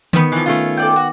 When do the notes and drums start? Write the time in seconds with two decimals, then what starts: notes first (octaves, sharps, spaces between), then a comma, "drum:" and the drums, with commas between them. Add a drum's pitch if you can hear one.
0.13 D#3 B3, drum: tom D#3
0.32 E3 F3
0.46 A3 C#4 F4
0.77 A4 D5 G5
0.96 F#4